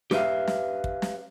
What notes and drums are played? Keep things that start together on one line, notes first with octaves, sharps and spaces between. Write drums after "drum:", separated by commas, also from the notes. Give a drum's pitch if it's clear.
G4 B4 E5 F5, drum: snare
drum: snare
drum: kick
drum: snare